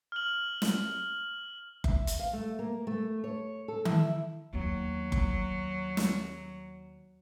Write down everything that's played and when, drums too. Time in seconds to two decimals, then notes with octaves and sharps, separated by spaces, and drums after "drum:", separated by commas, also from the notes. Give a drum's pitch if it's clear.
0.12 F6 F#7
0.62 drum: snare
1.84 E5, drum: kick F#1
2.07 drum: hi-hat
2.19 F5
2.33 A3
2.59 A#3
2.87 A3
3.24 C#5
3.68 A4
3.85 E4, drum: tom D#3
4.53 D#2 F#3 B3
5.12 drum: kick F#1
5.97 drum: snare